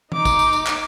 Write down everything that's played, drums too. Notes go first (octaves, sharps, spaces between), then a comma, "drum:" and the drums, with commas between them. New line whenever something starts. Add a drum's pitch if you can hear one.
D#4 D6, drum: tom
drum: kick, tambourine
drum: tambourine
drum: tambourine
drum: clap